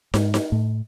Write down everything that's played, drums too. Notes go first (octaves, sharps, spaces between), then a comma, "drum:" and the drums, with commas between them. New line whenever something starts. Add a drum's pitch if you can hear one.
G#2, drum: snare
drum: snare
A2